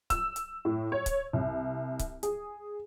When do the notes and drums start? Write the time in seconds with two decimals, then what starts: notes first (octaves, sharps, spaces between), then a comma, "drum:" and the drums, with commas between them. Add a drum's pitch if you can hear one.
0.10 E6, drum: kick C#1, hi-hat
0.36 drum: hi-hat
0.65 A2
0.92 C#5
1.06 drum: kick C#1, hi-hat
1.33 C2
1.99 drum: kick C#1, hi-hat
2.23 G#4, drum: hi-hat